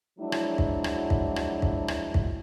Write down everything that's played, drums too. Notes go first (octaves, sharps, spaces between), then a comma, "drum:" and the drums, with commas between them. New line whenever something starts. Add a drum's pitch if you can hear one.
F3 F#3 G#3 D4 E4
drum: rim click
drum: kick
drum: rim click
drum: kick
drum: rim click
drum: kick
drum: rim click
drum: kick